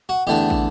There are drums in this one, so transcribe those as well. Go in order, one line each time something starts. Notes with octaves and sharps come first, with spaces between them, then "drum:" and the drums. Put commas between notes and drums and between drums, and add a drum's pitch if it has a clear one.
F#4
E2 D3 A3 D4 G4
drum: kick